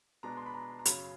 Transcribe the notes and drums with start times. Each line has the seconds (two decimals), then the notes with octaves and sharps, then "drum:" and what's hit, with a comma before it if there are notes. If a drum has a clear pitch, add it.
0.23 B2 G#3 B3 D4 A#5
0.37 C6
0.46 B5
0.54 A#5
0.79 A#5
0.85 F#2 C#3 F#3 B5, drum: hi-hat